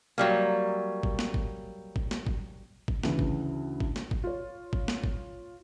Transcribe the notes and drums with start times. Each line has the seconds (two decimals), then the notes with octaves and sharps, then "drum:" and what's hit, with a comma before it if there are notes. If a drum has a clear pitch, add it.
0.18 F#3 G3 A#3
1.03 drum: kick
1.19 drum: snare
1.34 drum: kick
1.96 drum: kick
2.11 drum: snare
2.27 drum: kick
2.88 drum: kick
3.03 D2 C#3 E3, drum: snare
3.19 drum: kick
3.80 drum: kick
3.96 drum: snare
4.11 drum: kick
4.24 F4 C#5
4.73 drum: kick
4.88 drum: snare
5.04 drum: kick